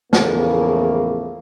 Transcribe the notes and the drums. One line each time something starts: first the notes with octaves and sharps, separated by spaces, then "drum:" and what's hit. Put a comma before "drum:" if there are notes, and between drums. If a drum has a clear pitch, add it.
E2 A2 C#3 F3 A3 A#3, drum: snare